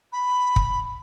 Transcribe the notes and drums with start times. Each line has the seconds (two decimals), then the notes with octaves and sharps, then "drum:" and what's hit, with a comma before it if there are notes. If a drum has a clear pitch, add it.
0.12 B5
0.56 drum: kick